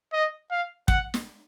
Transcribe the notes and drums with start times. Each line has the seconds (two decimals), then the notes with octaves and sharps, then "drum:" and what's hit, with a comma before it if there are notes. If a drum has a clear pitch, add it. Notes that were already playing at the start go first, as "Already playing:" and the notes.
0.13 D#5
0.51 F5
0.88 F#5, drum: kick
1.14 drum: snare